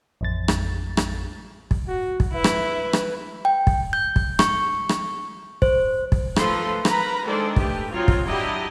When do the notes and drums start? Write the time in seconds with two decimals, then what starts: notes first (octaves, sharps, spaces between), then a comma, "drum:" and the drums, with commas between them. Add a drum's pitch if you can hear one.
0.21 A1 F2 A6
0.48 drum: rim click
0.97 drum: rim click
1.71 drum: kick
1.87 F#4
2.20 drum: kick
2.33 E4 B4 E5
2.44 drum: rim click
2.93 drum: rim click
3.45 G5
3.67 drum: kick
3.93 G6
4.16 drum: kick
4.39 C#6, drum: rim click
4.89 drum: rim click
5.62 C5, drum: kick
6.12 drum: kick
6.36 F3 A3 A4 B4 A#5 C6, drum: rim click
6.85 A#4 B4 A#5 B5, drum: rim click
7.24 D#3 G#3 D4 A4 C5 D5
7.56 A3 G4 B4, drum: kick
7.92 F#3 C4 D#4 F4 C#5
8.08 drum: kick
8.24 F#3 D4 E4 G4 D#5